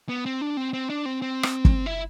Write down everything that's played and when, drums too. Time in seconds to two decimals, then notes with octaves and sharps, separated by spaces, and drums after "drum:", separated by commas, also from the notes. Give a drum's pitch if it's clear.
0.09 B3
0.26 C4
0.41 D4
0.57 C4
0.73 C4
0.90 D4
1.06 C4
1.22 C4
1.43 drum: rim click
1.65 drum: kick
1.86 E4